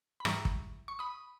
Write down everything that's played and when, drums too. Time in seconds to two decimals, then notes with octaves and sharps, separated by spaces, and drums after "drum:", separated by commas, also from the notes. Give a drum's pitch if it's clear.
0.20 B5
0.25 G#2 E3 G3 A#5 C#6, drum: rim click
0.45 drum: kick
0.88 C#6
0.99 B5 D#6